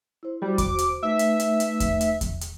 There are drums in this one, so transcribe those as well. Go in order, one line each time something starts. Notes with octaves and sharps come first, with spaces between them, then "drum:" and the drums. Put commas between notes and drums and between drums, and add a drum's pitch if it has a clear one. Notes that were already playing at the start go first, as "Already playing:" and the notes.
E4 C5
G3 F#4 C5
D6, drum: kick E2, hi-hat
drum: hi-hat
A3 D#4 B4 E5
drum: hi-hat
drum: hi-hat
drum: hi-hat
drum: kick E2, hi-hat
drum: hi-hat
drum: kick E2, hi-hat
drum: hi-hat